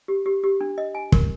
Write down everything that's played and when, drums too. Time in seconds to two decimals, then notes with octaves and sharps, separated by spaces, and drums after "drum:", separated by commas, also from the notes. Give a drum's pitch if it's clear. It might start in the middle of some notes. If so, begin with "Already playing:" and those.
0.08 G4
0.26 G4
0.44 G4
0.61 D4
0.78 D#5
0.95 G#5
1.12 A#4, drum: kick